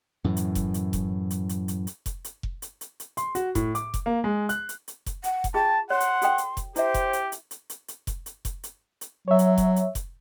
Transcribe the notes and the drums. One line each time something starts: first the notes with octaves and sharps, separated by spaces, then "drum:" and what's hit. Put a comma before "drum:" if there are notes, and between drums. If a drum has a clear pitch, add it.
F#2 A2 E3
drum: hi-hat
drum: kick F1, hi-hat
drum: hi-hat
drum: kick F1, hi-hat
drum: hi-hat
drum: hi-hat
drum: hi-hat
drum: hi-hat
drum: kick F1, hi-hat
drum: hi-hat
drum: kick F1
drum: hi-hat
drum: hi-hat
drum: hi-hat
C6, drum: hi-hat
F#4, drum: hi-hat
A2, drum: kick F1, hi-hat
D6, drum: hi-hat
drum: kick F1, hi-hat
A#3
G#3
F#6, drum: hi-hat
drum: hi-hat
drum: hi-hat
drum: kick F1, hi-hat
F#5, drum: hi-hat
drum: kick F1, hi-hat
F4 G#4 G5 A5
C#5 F#5 C6
drum: hi-hat
F#4 A4 G5, drum: hi-hat
drum: hi-hat
drum: kick F1, hi-hat
E4 G4 C5 E5, drum: hi-hat
drum: kick F1, hi-hat
drum: hi-hat
drum: hi-hat
drum: hi-hat
drum: hi-hat
drum: hi-hat
drum: kick F1, hi-hat
drum: hi-hat
drum: kick F1, hi-hat
drum: hi-hat
drum: hi-hat
F#3 C#5 E5
drum: hi-hat
drum: kick F1, hi-hat
drum: hi-hat
drum: kick F1, hi-hat